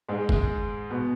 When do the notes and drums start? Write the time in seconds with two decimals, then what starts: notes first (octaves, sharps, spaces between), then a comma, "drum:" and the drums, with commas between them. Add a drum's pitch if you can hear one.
0.09 G#2 G#3
0.29 drum: kick
0.90 B2 B3